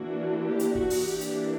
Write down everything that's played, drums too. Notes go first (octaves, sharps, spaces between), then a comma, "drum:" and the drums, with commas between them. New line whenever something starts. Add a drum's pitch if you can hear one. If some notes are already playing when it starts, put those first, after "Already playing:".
Already playing: E3 A#3 D4 F#4
G4
drum: hi-hat
F#4, drum: kick
drum: open hi-hat
E3 A#3 D4 G4
drum: hi-hat